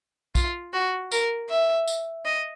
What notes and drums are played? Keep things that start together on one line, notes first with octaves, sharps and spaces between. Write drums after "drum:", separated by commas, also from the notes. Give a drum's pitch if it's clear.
F4, drum: kick, tambourine
F#4
A#4, drum: tambourine
E5
drum: tambourine
D#5